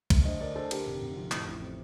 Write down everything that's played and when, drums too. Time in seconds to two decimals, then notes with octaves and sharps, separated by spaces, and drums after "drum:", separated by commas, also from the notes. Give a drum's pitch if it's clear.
0.10 A3, drum: kick B1, cymbal
0.25 D3 C5 D#5
0.40 D3 A#4 D5
0.56 D3 A4 C5
0.71 D3 G4 A#4, drum: cymbal
0.86 F1
1.01 F1
1.16 F2
1.31 A2, drum: clap
1.47 A1
1.62 C4